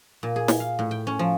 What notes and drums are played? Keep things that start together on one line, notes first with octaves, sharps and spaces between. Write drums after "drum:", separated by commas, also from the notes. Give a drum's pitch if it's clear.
A#2
G#4
drum: snare
F5
A2
G5
C#4
F3